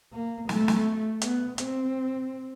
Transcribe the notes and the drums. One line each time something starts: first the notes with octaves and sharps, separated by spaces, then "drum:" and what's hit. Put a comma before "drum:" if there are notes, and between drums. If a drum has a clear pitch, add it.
A#3
A3, drum: snare
drum: snare
B3, drum: hi-hat
C4, drum: hi-hat